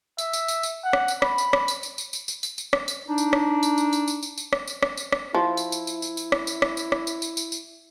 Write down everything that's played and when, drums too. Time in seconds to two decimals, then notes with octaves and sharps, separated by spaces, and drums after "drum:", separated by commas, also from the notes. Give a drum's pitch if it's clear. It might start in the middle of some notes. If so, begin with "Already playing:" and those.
0.18 E5, drum: tambourine
0.33 drum: tambourine
0.48 drum: tambourine
0.63 drum: tambourine
0.84 F#5
0.93 drum: rim click
1.08 drum: tambourine
1.22 B5, drum: rim click
1.38 drum: tambourine
1.53 drum: rim click
1.68 drum: tambourine
1.83 drum: tambourine
1.98 drum: tambourine
2.13 drum: tambourine
2.28 drum: tambourine
2.43 drum: tambourine
2.58 drum: tambourine
2.73 drum: rim click
2.88 drum: tambourine
3.08 D4 D#4
3.18 drum: tambourine
3.33 drum: rim click
3.63 drum: tambourine
3.78 drum: tambourine
3.93 drum: tambourine
4.08 drum: tambourine
4.23 drum: tambourine
4.38 drum: tambourine
4.53 drum: rim click
4.68 drum: tambourine
4.83 drum: rim click
4.97 drum: tambourine
5.12 drum: rim click
5.34 F3 E4
5.57 drum: tambourine
5.72 drum: tambourine
5.87 drum: tambourine
6.02 drum: tambourine
6.17 drum: tambourine
6.32 drum: rim click
6.47 drum: tambourine
6.62 drum: rim click
6.77 drum: tambourine
6.92 drum: rim click
7.07 drum: tambourine
7.22 drum: tambourine
7.37 drum: tambourine
7.52 drum: tambourine